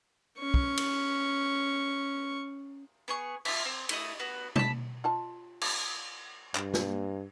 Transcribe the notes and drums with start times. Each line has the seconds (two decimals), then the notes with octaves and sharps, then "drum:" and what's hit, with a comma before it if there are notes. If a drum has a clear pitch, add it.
0.39 C#4 C#6
0.54 drum: kick
0.77 drum: cymbal
3.08 B3 G#4 C#6
3.45 F4 E5, drum: cymbal
3.65 C4
3.89 A3 E4 D#5 D#6, drum: cymbal
4.19 B3 F#4
4.56 A5 B5, drum: tom
5.04 F4 D#5 A5
5.61 drum: cymbal
6.55 G2, drum: clap
6.74 drum: snare